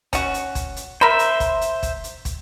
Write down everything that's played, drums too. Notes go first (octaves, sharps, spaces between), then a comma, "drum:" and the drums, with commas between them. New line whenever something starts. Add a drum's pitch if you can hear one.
C#4 F#4, drum: kick, hi-hat
drum: hi-hat
drum: kick, hi-hat
drum: hi-hat
A#4 C5 E5 B5
drum: hi-hat
drum: kick, hi-hat
drum: hi-hat
drum: kick, hi-hat
drum: hi-hat
drum: kick, hi-hat